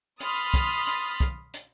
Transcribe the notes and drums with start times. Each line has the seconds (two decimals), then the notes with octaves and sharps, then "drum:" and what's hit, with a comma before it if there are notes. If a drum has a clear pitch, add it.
0.20 B5 C6 D#6 F6 A6, drum: hi-hat
0.54 drum: kick, hi-hat
0.87 drum: hi-hat
1.20 drum: kick, hi-hat
1.54 drum: hi-hat